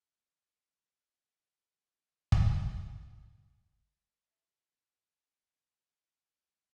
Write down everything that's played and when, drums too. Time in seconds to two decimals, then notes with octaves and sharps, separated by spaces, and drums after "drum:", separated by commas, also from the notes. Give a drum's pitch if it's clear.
0.24 G#3 F#4
2.32 drum: kick
4.25 C#3 F#4 E5 A5